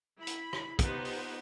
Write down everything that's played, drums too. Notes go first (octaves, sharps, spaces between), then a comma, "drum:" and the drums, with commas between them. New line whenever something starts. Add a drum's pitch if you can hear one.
E4 B5
drum: hi-hat
drum: rim click
B3 D#4 F4 G4 B4 C5, drum: kick, hi-hat
drum: open hi-hat